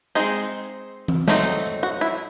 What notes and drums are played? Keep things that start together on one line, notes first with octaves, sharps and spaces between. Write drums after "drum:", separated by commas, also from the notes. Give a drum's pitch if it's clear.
G#3 C4 D#4 G#4
drum: tom E3
F#3 A3 C4 D#4, drum: snare
F#4
E4